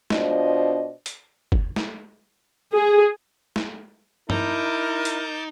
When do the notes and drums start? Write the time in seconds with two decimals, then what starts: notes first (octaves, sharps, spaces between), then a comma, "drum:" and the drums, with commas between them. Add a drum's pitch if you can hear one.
0.10 B2 D4 F4 C5 D#5, drum: snare
1.06 drum: hi-hat
1.52 drum: kick F#1
1.76 drum: snare
2.75 G#4
3.56 drum: snare
4.30 D#4 E4 A#4 A5 D6 G6, drum: tom G2
5.05 drum: hi-hat